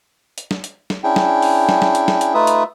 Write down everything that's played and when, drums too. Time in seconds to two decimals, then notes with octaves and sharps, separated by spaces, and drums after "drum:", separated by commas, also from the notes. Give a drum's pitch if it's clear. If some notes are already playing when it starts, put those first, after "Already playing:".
0.38 drum: hi-hat
0.51 drum: snare
0.64 drum: hi-hat
0.90 drum: snare
1.04 C#4 D4 E4 G#4 G5
1.16 drum: snare
1.42 drum: open hi-hat
1.69 drum: snare
1.82 drum: snare
1.95 drum: hi-hat
2.08 drum: snare
2.21 drum: hi-hat
2.34 A3 D#4 F4 B4 E5 D#6
2.47 drum: hi-hat